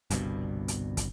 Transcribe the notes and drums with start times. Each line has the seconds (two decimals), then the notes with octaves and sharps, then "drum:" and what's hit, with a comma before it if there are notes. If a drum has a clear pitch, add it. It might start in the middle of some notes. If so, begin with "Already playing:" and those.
0.10 G1 C2 G2 B2, drum: hi-hat
0.68 drum: hi-hat
0.97 drum: kick, hi-hat